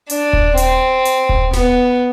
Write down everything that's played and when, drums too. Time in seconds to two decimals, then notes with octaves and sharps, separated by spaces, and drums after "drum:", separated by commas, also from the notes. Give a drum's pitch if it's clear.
0.10 D4, drum: hi-hat
0.33 drum: kick D#1
0.57 C4, drum: hi-hat
1.05 drum: hi-hat
1.29 drum: kick D#1
1.53 B3, drum: snare F1